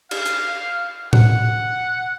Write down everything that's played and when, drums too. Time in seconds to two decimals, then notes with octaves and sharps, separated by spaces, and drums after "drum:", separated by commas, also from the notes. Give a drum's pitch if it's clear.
0.11 F5, drum: cymbal
0.26 drum: hi-hat
1.13 F#5, drum: tom A2